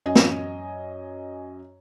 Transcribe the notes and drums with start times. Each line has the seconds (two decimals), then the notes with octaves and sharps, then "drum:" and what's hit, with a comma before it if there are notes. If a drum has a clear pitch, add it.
0.06 F#2 D#5 G#5
0.15 drum: snare